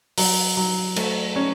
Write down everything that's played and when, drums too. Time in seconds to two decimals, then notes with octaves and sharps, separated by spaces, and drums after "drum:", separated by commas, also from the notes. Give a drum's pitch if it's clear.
0.18 F#3, drum: open hi-hat
0.57 F#3
0.96 A3, drum: cymbal
1.36 C#4